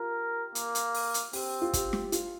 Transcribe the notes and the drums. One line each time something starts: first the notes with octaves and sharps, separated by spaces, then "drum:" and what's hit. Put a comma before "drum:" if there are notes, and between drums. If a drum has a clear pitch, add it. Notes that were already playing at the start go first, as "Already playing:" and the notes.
Already playing: F4 G4 A#4
A#3, drum: hi-hat
drum: hi-hat
drum: open hi-hat
drum: hi-hat
C4 G4, drum: open hi-hat
F4
G4, drum: kick, hi-hat
drum: snare
F4, drum: hi-hat